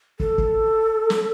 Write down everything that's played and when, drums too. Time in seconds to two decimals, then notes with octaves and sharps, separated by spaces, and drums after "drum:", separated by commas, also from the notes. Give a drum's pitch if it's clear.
0.20 A4, drum: kick
0.38 drum: kick
1.10 drum: snare